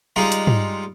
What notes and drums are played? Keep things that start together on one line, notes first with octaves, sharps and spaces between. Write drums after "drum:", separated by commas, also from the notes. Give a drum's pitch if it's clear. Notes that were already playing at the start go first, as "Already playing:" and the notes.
G3 G#3 D#4 F4
drum: hi-hat
drum: tom